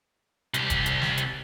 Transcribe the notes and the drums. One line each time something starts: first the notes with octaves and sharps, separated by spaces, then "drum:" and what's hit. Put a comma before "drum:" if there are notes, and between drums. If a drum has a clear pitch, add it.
C2 G4, drum: hi-hat
drum: kick E1, hi-hat
drum: hi-hat
drum: snare
drum: hi-hat